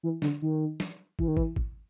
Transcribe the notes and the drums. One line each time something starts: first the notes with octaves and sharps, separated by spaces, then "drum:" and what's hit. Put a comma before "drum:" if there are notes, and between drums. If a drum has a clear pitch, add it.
E3
D3, drum: snare
D#3
drum: snare
E3, drum: kick
D#3
E3, drum: kick
drum: kick